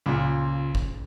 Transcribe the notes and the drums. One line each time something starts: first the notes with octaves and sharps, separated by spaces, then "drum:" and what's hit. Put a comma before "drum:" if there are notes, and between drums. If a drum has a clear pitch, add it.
C#2 A#2
drum: kick